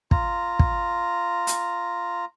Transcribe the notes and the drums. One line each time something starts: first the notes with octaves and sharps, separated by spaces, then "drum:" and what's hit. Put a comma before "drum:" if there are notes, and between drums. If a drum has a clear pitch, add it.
F4 A#5, drum: kick
drum: kick
drum: hi-hat